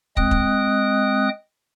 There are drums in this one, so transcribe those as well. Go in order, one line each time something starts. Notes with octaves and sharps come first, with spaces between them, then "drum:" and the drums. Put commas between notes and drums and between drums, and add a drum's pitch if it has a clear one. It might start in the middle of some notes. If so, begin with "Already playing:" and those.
G#3 C4 D#5 G5 D#6 F#6, drum: kick
drum: kick